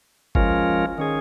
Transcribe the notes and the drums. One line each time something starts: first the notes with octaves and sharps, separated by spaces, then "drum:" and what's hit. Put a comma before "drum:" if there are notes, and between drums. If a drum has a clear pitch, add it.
F3 G#3 C#4 F4 A#4, drum: kick G#1
D#3 C#4 G#4